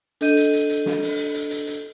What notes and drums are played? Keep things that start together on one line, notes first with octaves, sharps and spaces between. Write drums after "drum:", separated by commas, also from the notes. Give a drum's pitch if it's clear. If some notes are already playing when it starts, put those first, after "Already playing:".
D4 A4 D#5 G6 D#7, drum: hi-hat
drum: hi-hat
drum: hi-hat
drum: hi-hat
drum: snare
drum: open hi-hat
drum: hi-hat
drum: hi-hat
drum: hi-hat
drum: hi-hat